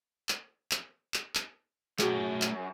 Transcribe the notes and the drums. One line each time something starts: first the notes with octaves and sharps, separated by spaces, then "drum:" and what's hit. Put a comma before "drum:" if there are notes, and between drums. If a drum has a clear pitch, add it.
drum: clap
drum: clap
drum: clap
drum: clap
F#2 A3 F#4 G#4 G5, drum: clap
drum: clap